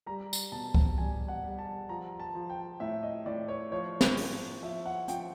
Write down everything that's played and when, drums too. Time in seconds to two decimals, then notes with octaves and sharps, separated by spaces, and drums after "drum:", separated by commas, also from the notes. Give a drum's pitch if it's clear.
0.06 G3 A#5
0.33 drum: tambourine
0.52 B2 A5
0.74 drum: kick C#2
0.98 G3 G#5
1.28 F#5
1.44 G3
1.59 A5
1.89 F3 A#5
2.20 A5
2.35 F3
2.50 G5
2.80 A2 E5
3.03 D#5
3.26 A2 D5
3.48 C#5
3.72 F3 C#5
4.01 drum: snare
4.17 F3, drum: open hi-hat
4.63 F3 E5
4.86 F#5
5.08 F3 G5, drum: hi-hat